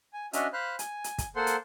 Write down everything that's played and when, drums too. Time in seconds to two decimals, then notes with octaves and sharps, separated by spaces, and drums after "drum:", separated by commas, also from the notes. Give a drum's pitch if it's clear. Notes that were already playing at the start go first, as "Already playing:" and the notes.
0.13 G#5
0.33 C#4 D4 F#4 D#5 E5 F6, drum: hi-hat
0.53 C5 F5 B5 F#6
0.79 G#5, drum: hi-hat
1.04 drum: hi-hat
1.18 drum: kick, hi-hat
1.36 A#3 A4 C5 F#5 C6
1.47 drum: hi-hat